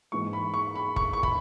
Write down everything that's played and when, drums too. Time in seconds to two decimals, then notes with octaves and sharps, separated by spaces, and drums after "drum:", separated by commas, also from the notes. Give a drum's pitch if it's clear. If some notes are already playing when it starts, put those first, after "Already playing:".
0.12 G#2 E3 G#3 C#6
0.33 B5
0.54 C#6
0.75 B5
0.96 C#6, drum: kick
1.13 C#6
1.23 B5, drum: kick